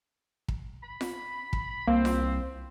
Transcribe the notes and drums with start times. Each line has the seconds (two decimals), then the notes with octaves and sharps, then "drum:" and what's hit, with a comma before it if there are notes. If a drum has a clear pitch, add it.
0.48 drum: kick
0.83 B5
1.01 drum: snare F4
1.53 drum: kick
1.88 C2 A#3 C4
2.05 drum: snare F4